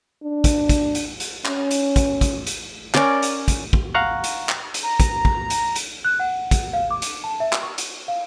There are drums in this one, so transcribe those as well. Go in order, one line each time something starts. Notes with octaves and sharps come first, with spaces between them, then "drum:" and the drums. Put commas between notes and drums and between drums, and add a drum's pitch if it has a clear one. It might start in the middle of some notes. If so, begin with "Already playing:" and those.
D4
drum: kick, hi-hat
drum: kick, hi-hat
drum: hi-hat
drum: hi-hat
C#4, drum: clap
drum: hi-hat
drum: kick, hi-hat
drum: kick, hi-hat
drum: hi-hat
C#4 A#4 D5, drum: clap
drum: hi-hat
drum: kick, hi-hat
drum: kick
F5 F#5 A#5 C#6 F#6
drum: hi-hat
drum: clap
drum: hi-hat
A#5
drum: kick, hi-hat
drum: kick
drum: hi-hat
drum: hi-hat
F#6
F#5
drum: kick, hi-hat
F5
D6
drum: hi-hat
A5
E5
drum: clap
C#6
drum: hi-hat
F5